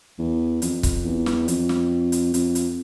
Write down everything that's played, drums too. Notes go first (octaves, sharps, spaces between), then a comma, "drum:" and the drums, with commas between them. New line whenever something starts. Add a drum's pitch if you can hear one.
E2
F2, drum: hi-hat
drum: kick C#1, hi-hat
E2
drum: snare
F2, drum: hi-hat
drum: snare
drum: hi-hat
F2, drum: hi-hat
drum: hi-hat